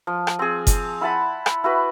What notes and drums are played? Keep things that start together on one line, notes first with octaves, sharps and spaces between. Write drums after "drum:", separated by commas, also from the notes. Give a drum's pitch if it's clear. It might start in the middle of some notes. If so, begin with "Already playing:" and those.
F3
drum: rim click
C4 G#4
drum: kick F#1, hi-hat
E4 F#5 A5 B5
drum: rim click
E4 F#4 B4